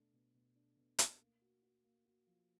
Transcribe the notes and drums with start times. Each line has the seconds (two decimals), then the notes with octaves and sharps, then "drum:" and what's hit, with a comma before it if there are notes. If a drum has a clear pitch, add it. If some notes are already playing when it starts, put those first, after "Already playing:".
Already playing: B2 A3 D4
0.13 B2
0.34 B2
0.55 D4
0.77 B2
0.99 A3, drum: hi-hat
1.20 A#3
1.42 F#4
1.62 F#4
1.84 A#3
2.05 F#4
2.27 F3